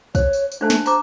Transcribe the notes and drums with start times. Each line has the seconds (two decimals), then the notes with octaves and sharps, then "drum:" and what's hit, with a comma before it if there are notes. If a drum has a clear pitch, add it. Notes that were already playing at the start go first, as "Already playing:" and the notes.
0.15 C5 C#5, drum: kick, tambourine
0.33 drum: tambourine
0.52 drum: tambourine
0.61 A3 D4 C5 A5
0.70 drum: snare
0.86 C5 A#5 D6, drum: tambourine